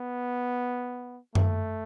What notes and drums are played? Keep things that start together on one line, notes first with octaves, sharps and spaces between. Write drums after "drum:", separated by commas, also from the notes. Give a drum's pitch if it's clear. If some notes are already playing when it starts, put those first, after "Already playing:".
Already playing: B3
A3, drum: tom F#2